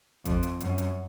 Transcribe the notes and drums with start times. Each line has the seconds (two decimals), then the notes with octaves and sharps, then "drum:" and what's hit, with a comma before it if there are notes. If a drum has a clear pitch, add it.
0.25 F2, drum: kick G#1, hi-hat
0.43 drum: hi-hat
0.60 F#2, drum: hi-hat
0.78 drum: hi-hat